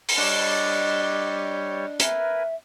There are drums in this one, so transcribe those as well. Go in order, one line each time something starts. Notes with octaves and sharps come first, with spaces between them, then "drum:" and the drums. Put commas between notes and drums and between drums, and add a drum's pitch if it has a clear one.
drum: open hi-hat
G3 D4 G4 C#5 D#5
A#4 B4 E5 G#5, drum: hi-hat